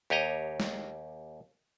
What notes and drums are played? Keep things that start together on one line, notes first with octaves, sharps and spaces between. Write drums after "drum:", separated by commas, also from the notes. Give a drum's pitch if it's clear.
D#2 G4 C#5 D#5 A#5
drum: snare